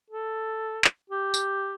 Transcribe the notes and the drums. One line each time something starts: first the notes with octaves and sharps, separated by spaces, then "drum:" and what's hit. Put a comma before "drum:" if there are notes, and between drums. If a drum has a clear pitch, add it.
A4
drum: clap
G4
drum: tambourine